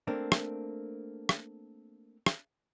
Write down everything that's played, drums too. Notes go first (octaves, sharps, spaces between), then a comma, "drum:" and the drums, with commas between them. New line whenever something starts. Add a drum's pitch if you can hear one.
A3 A#3 C4 D4
drum: rim click
drum: rim click
drum: rim click